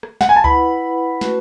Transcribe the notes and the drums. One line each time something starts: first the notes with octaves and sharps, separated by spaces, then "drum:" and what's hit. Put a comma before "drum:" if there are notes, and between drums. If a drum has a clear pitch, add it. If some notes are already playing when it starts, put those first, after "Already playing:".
drum: rim click
F#5, drum: snare
G#5
A5
E4 B4 F#5 B5, drum: kick C#2
A3 C#4 F#4 B4, drum: snare